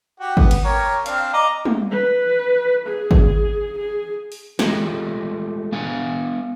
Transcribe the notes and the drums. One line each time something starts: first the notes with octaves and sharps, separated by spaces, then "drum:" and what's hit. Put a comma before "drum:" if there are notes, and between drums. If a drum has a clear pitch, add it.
F#4 G4
B3, drum: kick G#1
drum: cymbal
G4 A#4 C#5
C4 D4 F5, drum: hi-hat
D#5 A#5 D6
drum: tom
B4
G#4
drum: kick G#1
G#4
drum: open hi-hat
G#3 A3 F4 G4 D#5, drum: snare
B3 D4 F5 G#5